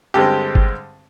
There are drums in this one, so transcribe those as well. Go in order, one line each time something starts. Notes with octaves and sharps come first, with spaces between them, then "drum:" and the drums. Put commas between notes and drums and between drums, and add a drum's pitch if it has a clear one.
G2 D3 G#3 C4 G4
drum: kick G1